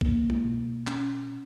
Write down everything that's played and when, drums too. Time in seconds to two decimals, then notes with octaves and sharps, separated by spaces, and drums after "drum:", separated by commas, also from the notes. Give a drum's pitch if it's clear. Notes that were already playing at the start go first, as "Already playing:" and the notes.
0.01 A#3, drum: kick B1
0.30 drum: tom G#3
0.44 B2
0.87 C#4, drum: clap